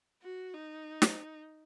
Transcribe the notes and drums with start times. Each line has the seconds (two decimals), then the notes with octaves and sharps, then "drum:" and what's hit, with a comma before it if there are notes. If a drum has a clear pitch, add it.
0.22 F#4
0.53 D#4
1.02 drum: snare